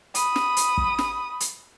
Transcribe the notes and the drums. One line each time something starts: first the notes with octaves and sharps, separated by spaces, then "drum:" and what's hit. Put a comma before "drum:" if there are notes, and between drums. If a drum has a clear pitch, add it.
B5 D#6, drum: hi-hat
drum: snare
drum: hi-hat
drum: kick
drum: snare
drum: hi-hat